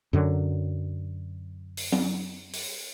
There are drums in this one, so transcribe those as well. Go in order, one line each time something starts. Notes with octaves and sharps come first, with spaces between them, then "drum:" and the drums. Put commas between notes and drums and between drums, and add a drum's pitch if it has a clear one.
F#2 D3 F#3
drum: open hi-hat
drum: tom F#3
drum: open hi-hat